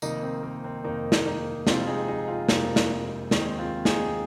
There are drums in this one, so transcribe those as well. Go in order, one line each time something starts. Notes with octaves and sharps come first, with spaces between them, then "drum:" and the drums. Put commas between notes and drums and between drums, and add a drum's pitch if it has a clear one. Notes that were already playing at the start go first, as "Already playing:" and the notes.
F1 F2 D#3 A#3 D#4, drum: tambourine
C4
A#3
C4
F1 F2 D#3 A#3 D#4
drum: snare
A#3 D#4
F1 F2 C3 G#3 C4 F4, drum: snare
D#4 G#4
D#4 G#4
C4 F4
F1 F2 C3 G#3 A#3 D#4, drum: snare
drum: snare
D#2 D#3 G#3 C4, drum: snare
C4 F4
D#4 G#4, drum: snare